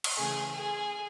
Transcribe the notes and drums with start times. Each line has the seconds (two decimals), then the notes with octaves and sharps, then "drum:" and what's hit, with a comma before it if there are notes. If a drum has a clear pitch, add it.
0.04 drum: cymbal
0.17 C#3 E3 A3 G#4 G#5
0.52 G#4 G#5